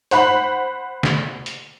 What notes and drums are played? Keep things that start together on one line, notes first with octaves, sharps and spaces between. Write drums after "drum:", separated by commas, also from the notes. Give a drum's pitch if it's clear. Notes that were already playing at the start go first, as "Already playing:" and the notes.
C5 F#5 B5, drum: hi-hat
drum: snare
drum: hi-hat